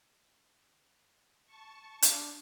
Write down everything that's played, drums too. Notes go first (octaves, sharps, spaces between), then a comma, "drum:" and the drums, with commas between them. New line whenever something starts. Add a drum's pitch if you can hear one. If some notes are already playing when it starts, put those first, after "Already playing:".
A5 C#6
D4, drum: hi-hat